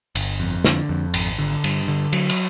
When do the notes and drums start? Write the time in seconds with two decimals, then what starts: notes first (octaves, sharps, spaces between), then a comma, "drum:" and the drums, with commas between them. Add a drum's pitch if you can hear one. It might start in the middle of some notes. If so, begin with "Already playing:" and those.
0.15 G1, drum: cymbal
0.40 F2
0.64 D3, drum: snare
0.89 F2
1.14 G#1, drum: cymbal
1.39 D3
1.64 G2, drum: cymbal
1.88 D3
2.13 F#3, drum: cymbal
2.29 drum: cymbal